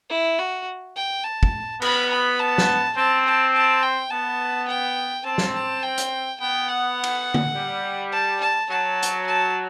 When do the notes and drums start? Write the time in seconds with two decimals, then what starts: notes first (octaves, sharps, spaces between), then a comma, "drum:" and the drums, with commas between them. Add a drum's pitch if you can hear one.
0.10 E4
0.39 F#4
0.96 G5
1.24 A5
1.43 drum: kick
1.82 B3 B5, drum: cymbal
2.10 B5
2.39 A5
2.58 drum: snare
2.97 C4 A5
3.26 A5
3.54 A5
3.83 G5
4.11 B3 A5
4.68 G5
5.25 C4 A5
5.38 drum: snare
5.54 A5
5.83 G5
5.98 drum: hi-hat
6.40 B3 G5
6.69 F#5
7.03 drum: cymbal
7.34 drum: tom D3
7.54 G3
8.13 A5
8.41 A5
8.70 F#3 A5
9.03 drum: hi-hat
9.26 A5